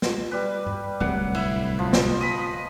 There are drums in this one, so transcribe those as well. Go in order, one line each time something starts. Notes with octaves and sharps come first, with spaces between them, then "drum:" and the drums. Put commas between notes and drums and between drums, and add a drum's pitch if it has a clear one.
drum: snare
G3 B4
drum: tom G2
D1 C2 C3 F#5
E4, drum: cymbal
F3
drum: snare
D#5 B5